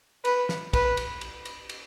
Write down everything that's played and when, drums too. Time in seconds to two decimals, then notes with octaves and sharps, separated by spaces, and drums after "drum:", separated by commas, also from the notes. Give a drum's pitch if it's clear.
0.25 B4, drum: cymbal
0.49 drum: snare
0.73 B4, drum: kick, cymbal
0.97 drum: cymbal
1.21 drum: cymbal
1.45 drum: cymbal
1.69 drum: cymbal